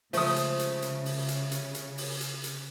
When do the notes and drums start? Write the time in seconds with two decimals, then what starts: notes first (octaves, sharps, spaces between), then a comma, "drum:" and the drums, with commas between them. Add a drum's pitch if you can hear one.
0.13 C#3 F3 G#3 A3 D#6, drum: open hi-hat
0.36 drum: hi-hat
0.59 drum: hi-hat
0.82 drum: hi-hat
1.05 drum: open hi-hat
1.28 drum: hi-hat
1.51 drum: hi-hat
1.75 drum: hi-hat
1.98 drum: open hi-hat
2.21 drum: hi-hat
2.44 drum: hi-hat